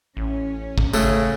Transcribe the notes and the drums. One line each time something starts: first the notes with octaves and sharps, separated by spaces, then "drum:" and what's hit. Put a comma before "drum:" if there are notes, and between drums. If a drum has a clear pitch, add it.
A1 C#4
drum: kick
G#1 A2 C#3 A3 F#4, drum: tambourine